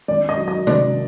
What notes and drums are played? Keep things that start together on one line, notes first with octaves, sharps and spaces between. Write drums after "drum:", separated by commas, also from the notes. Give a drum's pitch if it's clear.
G#1 D5
D#5
F#3
D#5
G#1 D5, drum: tom C3